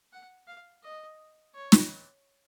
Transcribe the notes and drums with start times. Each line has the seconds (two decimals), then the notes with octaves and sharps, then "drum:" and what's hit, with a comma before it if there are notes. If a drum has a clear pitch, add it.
0.13 F#5
0.47 F5
0.83 D#5
1.55 C#5
1.72 drum: snare